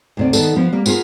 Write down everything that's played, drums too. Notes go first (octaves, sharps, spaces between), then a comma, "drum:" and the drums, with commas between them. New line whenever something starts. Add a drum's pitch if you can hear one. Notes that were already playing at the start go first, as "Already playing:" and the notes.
D2 C3 D5
D#3 B3 A4, drum: tambourine
F3 B3
G3 A#3
B3 F4 G#4 A#4, drum: tambourine